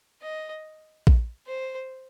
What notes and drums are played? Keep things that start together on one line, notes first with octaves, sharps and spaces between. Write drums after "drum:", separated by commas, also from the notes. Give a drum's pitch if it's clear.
D#5
drum: kick A#1
C5